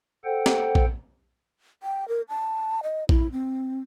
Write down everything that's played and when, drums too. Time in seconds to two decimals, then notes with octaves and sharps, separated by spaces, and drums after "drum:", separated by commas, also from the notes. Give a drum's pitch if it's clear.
0.24 A4 C5 F#5 G5
0.46 drum: snare
0.75 drum: kick A#1
1.83 G5
2.08 A#4
2.29 A5
2.83 D#5
3.09 E4, drum: kick A#1
3.32 C4